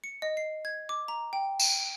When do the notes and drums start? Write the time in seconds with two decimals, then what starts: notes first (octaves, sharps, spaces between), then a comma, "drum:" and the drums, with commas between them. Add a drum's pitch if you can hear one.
0.04 C#7
0.22 D#5
0.37 C7
0.65 G#6
0.89 D6
1.08 A#5
1.33 G5
1.59 E7, drum: tambourine